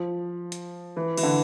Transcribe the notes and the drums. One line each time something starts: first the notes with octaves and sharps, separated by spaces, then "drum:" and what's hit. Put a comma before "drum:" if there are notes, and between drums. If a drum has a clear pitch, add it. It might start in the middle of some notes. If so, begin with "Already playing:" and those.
Already playing: F3
drum: hi-hat
E3
E3, drum: cymbal
D3